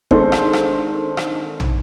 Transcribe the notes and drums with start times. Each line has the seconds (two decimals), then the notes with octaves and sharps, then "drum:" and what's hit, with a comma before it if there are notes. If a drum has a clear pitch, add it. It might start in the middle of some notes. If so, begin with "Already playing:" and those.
0.11 D#3 G#3 C4 D4 A4 C5, drum: kick G1
0.32 drum: rim click
0.53 drum: rim click
1.17 drum: rim click
1.60 drum: tom